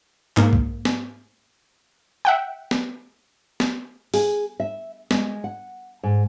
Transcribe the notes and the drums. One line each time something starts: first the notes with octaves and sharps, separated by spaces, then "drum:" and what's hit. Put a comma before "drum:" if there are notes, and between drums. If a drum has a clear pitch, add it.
G#2 A#3, drum: clap
drum: kick B1
drum: snare
E5 F#5 G5
drum: snare
drum: snare
G#4, drum: open hi-hat
E5
G#3, drum: snare
F#5
G#2